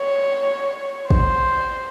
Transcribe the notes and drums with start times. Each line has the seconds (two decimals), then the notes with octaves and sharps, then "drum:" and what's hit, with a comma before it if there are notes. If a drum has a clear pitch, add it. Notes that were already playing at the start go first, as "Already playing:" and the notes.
Already playing: C#5
1.10 C5, drum: kick